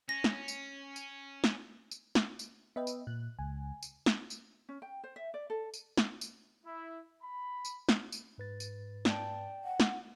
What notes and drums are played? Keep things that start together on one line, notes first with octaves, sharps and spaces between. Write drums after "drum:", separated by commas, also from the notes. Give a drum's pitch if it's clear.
C#4 A#6
drum: snare
drum: tambourine
drum: tambourine
drum: snare
drum: tambourine
drum: snare
drum: tambourine
B3 B4 D#5 E5 G5
drum: tambourine
A#2 F#6
C#2 G#5
drum: tambourine
drum: snare
drum: tambourine
C#4
G5
C5
E5
D5
A4
drum: tambourine
drum: snare
drum: tambourine
E4
B5
drum: tambourine
drum: snare
drum: tambourine
G#2 B4 A6
drum: tambourine
D5 G5 A5, drum: snare
F#5
drum: snare